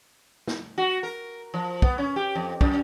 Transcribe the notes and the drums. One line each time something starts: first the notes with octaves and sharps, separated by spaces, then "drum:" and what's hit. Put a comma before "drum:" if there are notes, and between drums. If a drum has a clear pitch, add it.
drum: snare
F#4
A#4
F3
B3, drum: kick
C#4
G4
F2
F#2, drum: kick